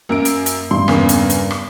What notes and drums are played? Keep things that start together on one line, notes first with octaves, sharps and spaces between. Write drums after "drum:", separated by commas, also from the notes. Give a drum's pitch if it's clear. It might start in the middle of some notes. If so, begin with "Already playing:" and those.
F#2 A#3 A#4 D7
drum: hi-hat
drum: hi-hat
G2 C6
E2 C#3 A#3, drum: rim click
drum: hi-hat
drum: hi-hat
drum: rim click